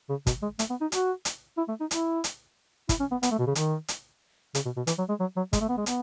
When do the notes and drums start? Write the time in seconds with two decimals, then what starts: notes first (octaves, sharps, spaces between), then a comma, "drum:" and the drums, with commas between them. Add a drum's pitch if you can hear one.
0.10 C#3
0.27 B2, drum: kick, hi-hat
0.43 G#3
0.59 A3, drum: hi-hat
0.70 B3
0.81 D#4
0.92 F#4, drum: hi-hat
1.25 drum: hi-hat
1.58 E4
1.69 A3
1.81 D#4
1.91 E4, drum: hi-hat
2.24 drum: hi-hat
2.89 E4, drum: kick, hi-hat
3.00 C#4
3.11 B3
3.23 B3, drum: hi-hat
3.31 A3
3.39 B2
3.47 C#3
3.55 D#3, drum: hi-hat
3.88 drum: hi-hat
4.55 C#3, drum: hi-hat
4.65 B2
4.77 B2
4.87 E3, drum: hi-hat
4.99 F#3
5.09 G#3
5.20 F#3
5.37 F#3
5.53 G#3, drum: kick, hi-hat
5.61 A3
5.69 B3
5.77 G#3
5.86 B3, drum: hi-hat